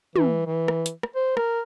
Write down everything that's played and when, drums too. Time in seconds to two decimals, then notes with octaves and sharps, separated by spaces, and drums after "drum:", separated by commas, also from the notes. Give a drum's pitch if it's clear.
0.16 E3, drum: tom
0.46 E3
0.68 drum: rim click
0.86 drum: hi-hat
1.03 drum: rim click
1.15 C5
1.37 A#4, drum: rim click